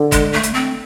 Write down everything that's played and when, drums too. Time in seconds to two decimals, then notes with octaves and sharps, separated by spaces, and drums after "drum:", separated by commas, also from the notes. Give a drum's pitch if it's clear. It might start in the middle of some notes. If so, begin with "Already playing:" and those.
Already playing: D3
0.12 G#3, drum: kick G1, hi-hat
0.33 A3
0.43 drum: hi-hat
0.54 C4